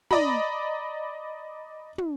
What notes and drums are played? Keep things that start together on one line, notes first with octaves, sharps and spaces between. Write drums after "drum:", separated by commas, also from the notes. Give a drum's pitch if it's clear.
D5 D#5 A#5 B5, drum: tom
drum: tom